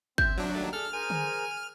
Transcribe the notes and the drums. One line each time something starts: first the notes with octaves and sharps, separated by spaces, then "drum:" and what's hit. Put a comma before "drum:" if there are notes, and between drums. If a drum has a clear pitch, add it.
C4 E5 G6, drum: kick
F#3 D4
D#2 D#3 A3 A5
D4 G#4 A4 F6
G#4 A#4 C5 G#5
drum: tom D3